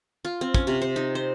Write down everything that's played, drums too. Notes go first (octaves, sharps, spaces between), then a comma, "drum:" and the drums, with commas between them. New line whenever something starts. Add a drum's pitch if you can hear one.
F4
C4
C#4, drum: kick
C3
C5
D#4
C5